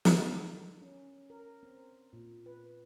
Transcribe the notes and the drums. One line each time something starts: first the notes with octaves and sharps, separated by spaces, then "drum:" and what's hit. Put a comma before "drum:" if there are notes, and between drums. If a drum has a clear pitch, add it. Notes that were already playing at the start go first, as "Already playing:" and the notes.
A#4, drum: snare
C#4
A#4
C4
A#2
B4